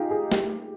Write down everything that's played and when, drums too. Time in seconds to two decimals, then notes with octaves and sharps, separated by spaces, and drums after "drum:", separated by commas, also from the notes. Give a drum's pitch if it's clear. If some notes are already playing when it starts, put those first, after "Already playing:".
Already playing: D#4 F4 G4 G#4
0.11 G#4
0.32 G4, drum: snare